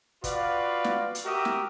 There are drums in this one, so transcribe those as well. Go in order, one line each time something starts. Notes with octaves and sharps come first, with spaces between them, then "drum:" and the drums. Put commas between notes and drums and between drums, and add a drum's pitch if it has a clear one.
F4 F#4 B4 D5 F5, drum: kick, hi-hat
drum: snare
drum: hi-hat
F#4 G4 A#4 E5 D#6
drum: snare